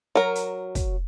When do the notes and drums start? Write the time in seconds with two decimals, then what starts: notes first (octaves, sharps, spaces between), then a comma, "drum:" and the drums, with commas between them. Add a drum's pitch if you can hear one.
0.15 F#3 A#4
0.35 drum: hi-hat
0.75 drum: kick, hi-hat